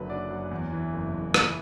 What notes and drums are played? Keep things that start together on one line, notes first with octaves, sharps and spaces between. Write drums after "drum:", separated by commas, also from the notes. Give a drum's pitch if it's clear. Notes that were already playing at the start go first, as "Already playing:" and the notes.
Already playing: F#1 D3 F#3 B4
D4 D5
F#2
E2
E3
F#1
F#1
E3 B4, drum: rim click